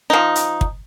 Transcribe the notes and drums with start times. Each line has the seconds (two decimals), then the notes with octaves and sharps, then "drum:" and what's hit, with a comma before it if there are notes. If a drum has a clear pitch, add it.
0.10 F3 D#4
0.35 drum: hi-hat
0.61 drum: kick